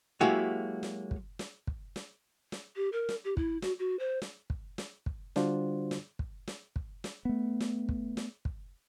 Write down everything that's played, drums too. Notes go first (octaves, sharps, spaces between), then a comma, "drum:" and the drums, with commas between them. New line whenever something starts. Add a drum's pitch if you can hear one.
F#3 G#3 A#3 E4 F#4 G4
drum: snare
drum: kick
drum: snare
drum: kick
drum: snare
drum: snare
G4
A#4
drum: snare
G4
E4, drum: kick
F#4, drum: snare
F#4
C5
drum: snare
drum: kick
drum: snare
drum: kick
D3 G3 D4 F4 F#4 C5, drum: snare
drum: snare
drum: kick
drum: snare
drum: kick
drum: snare
A3 B3
drum: snare
drum: kick
drum: snare
drum: kick